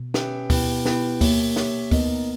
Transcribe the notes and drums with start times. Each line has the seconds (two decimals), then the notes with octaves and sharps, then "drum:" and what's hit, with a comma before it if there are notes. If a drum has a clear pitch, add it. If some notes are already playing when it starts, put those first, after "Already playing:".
Already playing: B2
0.14 C#4 G4 B4 E5 G5, drum: snare
0.50 B2 B3 E4 G4 B4 G5, drum: kick, open hi-hat
0.86 B3 E4 G4 B4 G5, drum: snare
1.21 A#3 G4 C#5 E5, drum: kick, open hi-hat
1.56 G4 C#5 E5, drum: snare
1.91 B3 D#4 A#4 D#5, drum: kick, open hi-hat